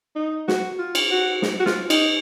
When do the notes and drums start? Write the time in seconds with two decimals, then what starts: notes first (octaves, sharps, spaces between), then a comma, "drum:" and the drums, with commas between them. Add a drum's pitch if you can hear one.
0.16 D#4
0.48 F#4, drum: snare
0.79 F4
0.95 drum: cymbal
1.11 F#4
1.42 drum: snare
1.60 F#4
1.66 F4, drum: snare
1.90 D#4, drum: cymbal